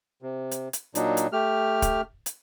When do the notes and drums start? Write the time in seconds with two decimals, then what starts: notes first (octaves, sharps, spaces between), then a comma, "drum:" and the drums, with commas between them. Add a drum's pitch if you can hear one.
0.22 C3
0.51 drum: hi-hat
0.73 drum: hi-hat
0.95 A#2 F#3 D4 D#4, drum: hi-hat
1.17 drum: hi-hat
1.32 A3 G4 F6
1.82 drum: kick, hi-hat
2.26 drum: hi-hat